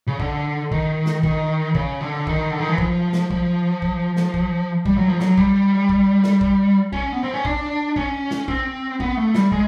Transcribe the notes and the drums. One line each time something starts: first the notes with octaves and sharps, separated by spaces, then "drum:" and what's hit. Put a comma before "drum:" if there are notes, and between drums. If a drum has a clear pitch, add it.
C#3
D3, drum: kick
D#3, drum: kick
drum: snare
D#3, drum: kick
C#3, drum: kick
D3
D#3, drum: kick
D3
D#3
E3
F3, drum: kick
drum: snare
F3, drum: kick
drum: kick
drum: snare
drum: kick
G3, drum: kick
F#3
F3
F#3, drum: snare
G3, drum: kick
drum: kick
drum: snare
drum: kick
C#4, drum: kick
B3
C4
C#4
D4, drum: kick
C#4, drum: kick
drum: snare
C4, drum: kick
B3, drum: kick
A3
G3, drum: snare
G#3, drum: kick